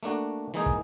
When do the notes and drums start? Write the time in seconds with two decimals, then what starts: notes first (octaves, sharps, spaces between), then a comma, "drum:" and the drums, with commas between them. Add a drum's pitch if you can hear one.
0.03 A3 A#3 D4 F#4
0.54 E3 G#3 A#3 D#4 G#4
0.66 drum: kick